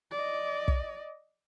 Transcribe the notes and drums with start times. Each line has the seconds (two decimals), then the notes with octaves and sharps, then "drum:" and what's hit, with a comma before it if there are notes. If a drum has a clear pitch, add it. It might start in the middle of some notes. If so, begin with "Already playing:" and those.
0.11 D5 D#5
0.68 drum: kick